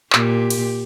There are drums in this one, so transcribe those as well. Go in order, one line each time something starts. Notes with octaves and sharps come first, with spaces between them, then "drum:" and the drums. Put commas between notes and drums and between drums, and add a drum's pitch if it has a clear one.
A#2 G4, drum: clap
drum: cymbal